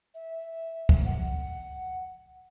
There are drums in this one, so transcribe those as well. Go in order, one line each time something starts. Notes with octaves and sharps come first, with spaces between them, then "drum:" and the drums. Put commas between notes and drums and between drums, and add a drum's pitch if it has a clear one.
E5
drum: kick
F#5